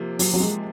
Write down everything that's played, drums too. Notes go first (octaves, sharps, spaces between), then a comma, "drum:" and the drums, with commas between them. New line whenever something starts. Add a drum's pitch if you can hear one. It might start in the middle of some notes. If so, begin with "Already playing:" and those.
Already playing: C3 F3 A#3
F#3, drum: open hi-hat
F#3
G#3